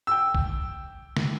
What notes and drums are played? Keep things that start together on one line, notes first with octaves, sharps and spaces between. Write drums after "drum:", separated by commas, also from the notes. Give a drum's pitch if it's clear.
G5 E6
drum: kick A#1
drum: snare